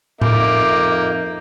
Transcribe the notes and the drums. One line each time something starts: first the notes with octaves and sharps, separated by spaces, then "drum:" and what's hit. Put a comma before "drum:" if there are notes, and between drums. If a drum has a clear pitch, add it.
F2 A#3 D#4 E5 D6 G6, drum: tom A2